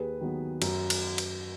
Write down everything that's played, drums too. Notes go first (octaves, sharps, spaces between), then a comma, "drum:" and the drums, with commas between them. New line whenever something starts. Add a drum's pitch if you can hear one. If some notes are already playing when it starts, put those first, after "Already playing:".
Already playing: D#2 G#4 B4
D#3 F#3 B3
F#2, drum: cymbal
drum: cymbal
drum: cymbal